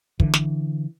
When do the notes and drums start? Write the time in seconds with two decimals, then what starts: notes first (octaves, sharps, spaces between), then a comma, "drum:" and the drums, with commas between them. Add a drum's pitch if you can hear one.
0.20 D3 E3, drum: kick
0.34 drum: snare